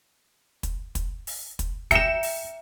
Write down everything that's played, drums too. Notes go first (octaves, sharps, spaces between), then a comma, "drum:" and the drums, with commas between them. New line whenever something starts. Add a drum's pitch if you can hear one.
drum: kick, hi-hat
drum: kick, hi-hat
drum: open hi-hat
drum: kick, hi-hat
E5 G5 A#5 C#7 E7, drum: kick, hi-hat
drum: open hi-hat